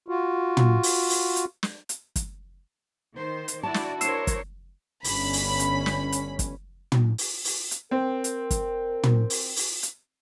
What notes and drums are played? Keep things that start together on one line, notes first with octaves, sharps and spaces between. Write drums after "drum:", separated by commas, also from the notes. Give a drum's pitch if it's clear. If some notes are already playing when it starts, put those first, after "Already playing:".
F4 F#4
drum: tom
drum: open hi-hat
drum: open hi-hat
drum: hi-hat
drum: snare
drum: hi-hat
drum: kick, hi-hat
D#3 C5
drum: hi-hat
D4 E4 F#4 D5 A5
drum: snare
D4 A#4 C5 C#5 E6 C7 E7, drum: hi-hat
drum: kick, hi-hat
G1 C#4 B5, drum: open hi-hat
drum: open hi-hat
drum: hi-hat
drum: snare
drum: hi-hat
drum: kick, hi-hat
drum: tom
drum: open hi-hat
drum: open hi-hat
drum: hi-hat
C4 A#4
drum: hi-hat
drum: kick, hi-hat
drum: tom
drum: open hi-hat
drum: open hi-hat
drum: hi-hat